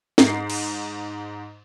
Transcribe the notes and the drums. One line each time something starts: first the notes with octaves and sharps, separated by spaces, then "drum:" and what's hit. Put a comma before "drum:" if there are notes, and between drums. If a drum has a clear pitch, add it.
G#2 C7, drum: snare
drum: cymbal